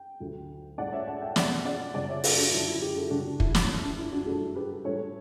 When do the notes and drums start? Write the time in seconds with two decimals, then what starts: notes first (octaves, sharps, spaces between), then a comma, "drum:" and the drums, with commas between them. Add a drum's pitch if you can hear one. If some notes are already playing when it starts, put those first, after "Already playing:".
Already playing: G5
0.20 D2 D3 F#3
0.78 A2 G3 D5 F#5
0.92 C#5 E5
1.07 F#5 A5
1.22 E5 G5
1.36 E2 B2 A3 D5 F#5, drum: snare
1.65 D5 F#5
1.94 F#2 C#3 G3 D5 F#5
2.09 C#5 E5
2.24 F#4 A4, drum: open hi-hat
2.38 D4 F#4
2.52 F#2 D3 F#3 E4
2.67 E4
2.82 E4 G4
2.96 F#4 A4
3.10 F#2 C#3 G3 D4 F#4
3.40 E4, drum: kick
3.55 drum: snare
3.68 F#2 E3 G3 D4
3.83 D4
3.97 E4
4.12 D4 F#4
4.26 G2 F#3 A3 F#4 A4
4.55 G4 B4
4.84 A2 E3 G3 A4 C#5